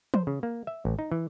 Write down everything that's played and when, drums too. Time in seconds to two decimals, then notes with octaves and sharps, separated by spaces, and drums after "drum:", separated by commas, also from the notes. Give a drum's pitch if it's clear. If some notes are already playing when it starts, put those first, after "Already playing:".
0.14 C5, drum: tom
0.27 C#3
0.43 A#3
0.67 E5
0.85 A1
0.99 D#4
1.12 E3